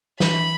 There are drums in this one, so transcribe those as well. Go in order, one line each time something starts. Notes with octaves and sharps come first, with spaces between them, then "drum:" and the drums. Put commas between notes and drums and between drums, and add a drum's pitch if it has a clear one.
E3 B5, drum: snare